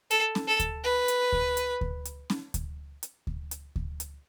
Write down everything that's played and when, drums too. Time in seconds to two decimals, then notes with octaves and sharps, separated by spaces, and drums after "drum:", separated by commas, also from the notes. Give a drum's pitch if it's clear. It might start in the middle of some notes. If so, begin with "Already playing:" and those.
0.11 A4, drum: hi-hat
0.35 drum: snare C#4
0.48 A4
0.60 drum: kick D2, hi-hat
0.84 B4
1.08 drum: hi-hat
1.32 drum: kick D2
1.57 drum: hi-hat
1.81 drum: kick D2
2.05 drum: hi-hat
2.30 drum: snare C#4
2.54 drum: kick D2, hi-hat
3.03 drum: hi-hat
3.27 drum: kick D2
3.51 drum: hi-hat
3.76 drum: kick D2
4.00 drum: hi-hat